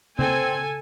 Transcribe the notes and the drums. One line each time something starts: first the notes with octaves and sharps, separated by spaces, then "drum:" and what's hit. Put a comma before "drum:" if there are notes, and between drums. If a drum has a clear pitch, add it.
C4 A4 G#5, drum: tom C#3